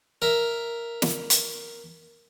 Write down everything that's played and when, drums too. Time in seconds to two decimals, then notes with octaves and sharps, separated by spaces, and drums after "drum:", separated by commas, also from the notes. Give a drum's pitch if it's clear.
0.22 A#4 E5
1.02 drum: snare
1.30 drum: hi-hat